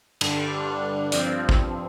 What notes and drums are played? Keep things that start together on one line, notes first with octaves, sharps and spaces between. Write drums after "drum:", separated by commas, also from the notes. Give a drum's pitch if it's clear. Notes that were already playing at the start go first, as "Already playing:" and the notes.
G2 D3 G3 D4, drum: cymbal
G2 F3 C4, drum: hi-hat
drum: kick A1